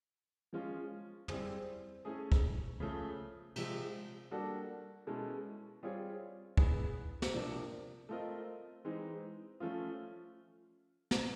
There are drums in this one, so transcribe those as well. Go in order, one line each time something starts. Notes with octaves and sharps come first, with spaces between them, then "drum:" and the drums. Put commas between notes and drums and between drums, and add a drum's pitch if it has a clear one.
F3 G#3 C#4 F4
G3 C4 E4 G#4 C5, drum: tom
A3 C#4 E4 G#4
drum: kick
C#3 F3 A3
C3 F3 G#3, drum: cymbal
G3 A#3 D4 F#4 A4
B2 G#3 C#4 E4 A4
G3 C4 F4 G#4 C#5
B3 E4 G#4 B4, drum: kick
drum: snare
C3 F3 A#3 D4
A3 C4 F4 A#4 D#5
E3 G#3 C4 D#4
F3 A3 C#4 F4
drum: snare